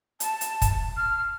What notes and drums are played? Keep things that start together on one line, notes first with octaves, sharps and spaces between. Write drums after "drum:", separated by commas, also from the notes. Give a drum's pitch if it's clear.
A5, drum: hi-hat
drum: hi-hat
drum: kick, hi-hat
F6